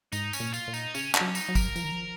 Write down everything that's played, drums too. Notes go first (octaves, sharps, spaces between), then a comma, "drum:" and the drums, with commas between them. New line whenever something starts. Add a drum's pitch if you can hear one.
G#2 D#4, drum: tambourine
C#4, drum: tambourine
A#2
F4, drum: tambourine
A#2
D#4, drum: tambourine
C#3 C#4, drum: tambourine
C#4, drum: clap
F#3
C#4
D#4, drum: tambourine
F#3
A#4, drum: kick, tambourine
F3, drum: tambourine
D#3
F3